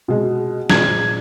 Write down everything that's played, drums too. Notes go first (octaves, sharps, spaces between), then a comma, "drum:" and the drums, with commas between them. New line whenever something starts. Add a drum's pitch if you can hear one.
B2 G#3
A#2 F3 G#3 G#6, drum: snare